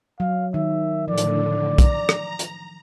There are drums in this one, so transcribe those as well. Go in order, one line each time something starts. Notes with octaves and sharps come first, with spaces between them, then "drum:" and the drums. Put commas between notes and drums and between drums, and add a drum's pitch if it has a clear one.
F#3 F5
D#3 E5
A2 D3 F3 D5
drum: hi-hat
A#5, drum: kick, hi-hat
drum: rim click
drum: hi-hat